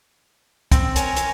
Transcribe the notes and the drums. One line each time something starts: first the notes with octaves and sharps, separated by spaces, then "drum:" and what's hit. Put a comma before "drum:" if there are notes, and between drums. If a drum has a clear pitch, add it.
C4, drum: kick, hi-hat
A#4 C#5 G#5, drum: hi-hat
drum: hi-hat